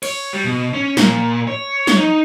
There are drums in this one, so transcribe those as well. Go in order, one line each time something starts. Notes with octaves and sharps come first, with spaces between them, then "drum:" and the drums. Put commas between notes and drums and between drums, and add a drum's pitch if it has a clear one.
C#5, drum: cymbal
G3
B2
C#4
A#2, drum: snare
C#5
drum: snare
D#4